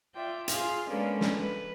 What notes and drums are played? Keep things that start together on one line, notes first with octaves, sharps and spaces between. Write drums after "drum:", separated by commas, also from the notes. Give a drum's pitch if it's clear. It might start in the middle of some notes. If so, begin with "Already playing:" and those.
F4 D5 E5 G5
F4 G#4 F5 C6 F6, drum: hi-hat
G#3 A#3 B3 C#4 D4 A4
drum: snare
B4